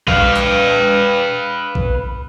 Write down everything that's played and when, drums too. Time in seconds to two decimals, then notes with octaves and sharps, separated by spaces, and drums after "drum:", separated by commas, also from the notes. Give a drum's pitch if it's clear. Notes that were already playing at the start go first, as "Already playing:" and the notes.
0.08 B4 F5, drum: kick A#1
0.36 drum: hi-hat
1.75 drum: kick A#1